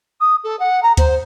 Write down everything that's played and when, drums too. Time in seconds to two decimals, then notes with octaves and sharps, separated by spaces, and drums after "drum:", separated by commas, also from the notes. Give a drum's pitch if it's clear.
0.20 D#6
0.43 A4
0.59 F#5
0.83 A#5
0.97 C5, drum: kick D2, hi-hat